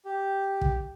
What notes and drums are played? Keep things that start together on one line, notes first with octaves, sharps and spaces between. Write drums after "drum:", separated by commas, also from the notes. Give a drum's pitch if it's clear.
G4
drum: kick